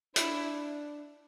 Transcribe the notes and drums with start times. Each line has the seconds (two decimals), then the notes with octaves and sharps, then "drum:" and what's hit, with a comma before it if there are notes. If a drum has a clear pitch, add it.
0.16 D4 E4, drum: hi-hat